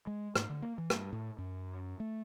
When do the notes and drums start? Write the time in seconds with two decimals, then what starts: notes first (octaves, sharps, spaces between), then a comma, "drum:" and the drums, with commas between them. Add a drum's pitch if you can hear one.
0.07 G#3
0.35 G#2, drum: rim click
0.50 D3
0.62 A#3
0.78 E3
0.90 G2, drum: rim click
1.13 A2
1.38 F#2
2.00 A3